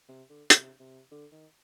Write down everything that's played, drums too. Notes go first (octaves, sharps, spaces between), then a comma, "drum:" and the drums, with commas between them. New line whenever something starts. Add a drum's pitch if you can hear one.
C3
D3
C3, drum: hi-hat
C3
D3
D#3